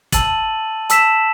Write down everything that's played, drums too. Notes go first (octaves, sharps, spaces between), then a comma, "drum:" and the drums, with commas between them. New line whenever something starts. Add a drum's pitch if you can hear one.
A5 E6 A6 D#7 F#7, drum: kick, hi-hat
A5 E6 B6 E7, drum: hi-hat